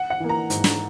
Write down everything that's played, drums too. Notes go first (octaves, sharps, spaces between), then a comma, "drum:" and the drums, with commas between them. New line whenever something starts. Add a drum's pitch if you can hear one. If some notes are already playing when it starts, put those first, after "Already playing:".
Already playing: F#5
F#5
E3 A#3
A#5
G#2, drum: hi-hat
drum: snare